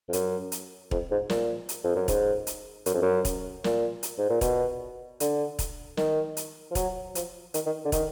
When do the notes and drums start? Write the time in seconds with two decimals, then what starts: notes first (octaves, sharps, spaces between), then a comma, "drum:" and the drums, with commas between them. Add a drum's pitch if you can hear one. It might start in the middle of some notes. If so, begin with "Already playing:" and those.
0.09 F2
0.13 F#2, drum: hi-hat
0.52 drum: hi-hat
0.91 F2, drum: kick
1.11 G#2
1.30 A#2, drum: snare
1.69 drum: hi-hat
1.84 F2
1.96 F#2
2.08 G#2, drum: kick, hi-hat
2.47 drum: hi-hat
2.86 F#2, drum: hi-hat
2.94 F2
3.02 F#2
3.25 drum: kick, hi-hat
3.64 A#2, drum: snare
4.03 drum: hi-hat
4.18 G#2
4.30 A#2
4.41 B2, drum: kick, hi-hat
5.20 D3, drum: hi-hat
5.59 drum: kick, hi-hat
5.97 D#3, drum: snare
6.37 drum: hi-hat
6.71 F3
6.75 F#3, drum: kick, hi-hat
7.15 F3, drum: hi-hat
7.54 D#3, drum: hi-hat
7.66 D#3
7.85 D3
7.92 D#3, drum: kick, hi-hat